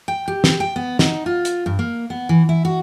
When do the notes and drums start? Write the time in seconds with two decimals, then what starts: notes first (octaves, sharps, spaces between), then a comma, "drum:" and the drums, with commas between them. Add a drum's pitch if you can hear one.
0.08 G5
0.28 G4
0.44 drum: snare
0.60 G5
0.76 B3
0.99 D#4, drum: snare
1.26 F4
1.45 drum: hi-hat
1.66 G2
1.79 A#3
2.10 B3
2.29 E3
2.49 E4
2.65 F#4